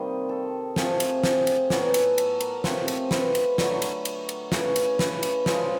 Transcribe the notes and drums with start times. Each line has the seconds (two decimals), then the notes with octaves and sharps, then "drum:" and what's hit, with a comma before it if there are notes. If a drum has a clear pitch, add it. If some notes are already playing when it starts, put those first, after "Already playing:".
Already playing: C3 D#3 G3 A#3 C4 D#5
0.29 A4
0.76 C3 F3 A3 C4 G#4, drum: snare
1.00 drum: cymbal
1.24 drum: snare
1.47 drum: cymbal
1.70 A2 F#3 B3 G#4, drum: snare
1.94 A4, drum: cymbal
2.18 A4, drum: cymbal
2.40 A#4, drum: cymbal
2.64 C3 F3 A3 C4 C5, drum: snare
2.88 drum: cymbal
3.11 B4, drum: snare
3.35 drum: cymbal
3.58 D3 F#3 A3, drum: snare
3.82 drum: cymbal
4.05 drum: cymbal
4.29 drum: cymbal
4.52 C#3 E3 A3 C#5, drum: snare
4.76 drum: cymbal
4.99 B4, drum: snare
5.23 drum: cymbal
5.46 C#3 F3 G#3 C5, drum: snare